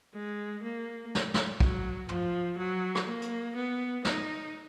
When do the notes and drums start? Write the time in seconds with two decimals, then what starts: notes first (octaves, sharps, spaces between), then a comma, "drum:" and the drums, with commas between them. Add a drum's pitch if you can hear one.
0.14 G#3
0.63 A#3
1.15 drum: snare
1.34 drum: snare
1.60 F#3, drum: kick
2.09 F3, drum: tom
2.58 F#3
2.95 drum: rim click
3.07 A#3
3.21 drum: hi-hat
3.56 B3
4.05 D#4, drum: snare